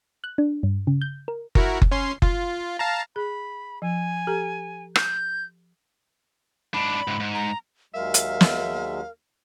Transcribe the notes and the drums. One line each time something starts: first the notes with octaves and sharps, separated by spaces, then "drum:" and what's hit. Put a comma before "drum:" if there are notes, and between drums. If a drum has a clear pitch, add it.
F#6
D4
G2
C#3
G6
A#4
E4 F#4 A#4, drum: kick F#1
drum: kick F#1
C#4 C6 C7
F4, drum: kick F#1
F5 A5 A#5
G#4 B5
F3 G#5
G4 A4 A#5
G6, drum: rim click
G#2 D4 B5
C#2 G#2
G#2
A#5
D#2 F#3 G#3 A#4 E5 F5
drum: hi-hat
drum: snare